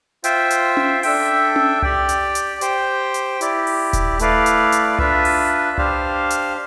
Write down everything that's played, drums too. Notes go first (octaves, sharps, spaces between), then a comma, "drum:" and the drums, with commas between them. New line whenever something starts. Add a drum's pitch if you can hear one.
F4 C5 E5 G5, drum: hi-hat
drum: hi-hat
drum: tom C#4
D4 A4 E5 G5, drum: open hi-hat
drum: tom C#4
G4 D5 G5, drum: tom C2
drum: hi-hat
drum: hi-hat
G4 C5 G5, drum: hi-hat
drum: hi-hat
E4 G4 D5, drum: hi-hat
drum: open hi-hat
drum: kick D#1, hi-hat
A3 E4 B4 D5 F5, drum: hi-hat
drum: hi-hat
drum: hi-hat
D4 F4 B4 E5, drum: tom C2
drum: open hi-hat
D4 G4 C5 F5, drum: tom C2
drum: hi-hat